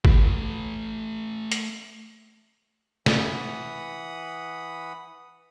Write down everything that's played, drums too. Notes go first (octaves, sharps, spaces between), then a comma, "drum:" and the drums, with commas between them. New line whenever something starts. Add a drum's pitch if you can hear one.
A3 B4, drum: kick G#1
drum: hi-hat
E3 F#5 B5 D#6, drum: snare